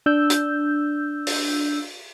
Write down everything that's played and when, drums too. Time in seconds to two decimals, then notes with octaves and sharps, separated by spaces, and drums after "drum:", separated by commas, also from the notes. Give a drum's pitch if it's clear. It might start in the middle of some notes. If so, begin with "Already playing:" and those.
0.06 D4 E6 G6
0.30 drum: hi-hat
1.27 drum: open hi-hat